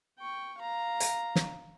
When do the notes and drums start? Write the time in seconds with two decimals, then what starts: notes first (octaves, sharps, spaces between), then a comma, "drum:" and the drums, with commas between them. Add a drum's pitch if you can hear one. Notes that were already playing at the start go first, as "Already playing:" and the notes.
0.18 G5 C#6
0.58 F5 A#5
1.00 drum: hi-hat
1.36 drum: snare